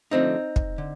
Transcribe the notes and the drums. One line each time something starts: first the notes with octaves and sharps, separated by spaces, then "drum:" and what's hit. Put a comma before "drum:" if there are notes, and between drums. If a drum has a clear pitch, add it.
D3 F3 A3 C4 D#4
drum: kick
D3